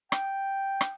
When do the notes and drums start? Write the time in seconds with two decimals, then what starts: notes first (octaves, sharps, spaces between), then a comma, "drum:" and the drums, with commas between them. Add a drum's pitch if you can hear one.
0.12 G5, drum: rim click
0.81 drum: rim click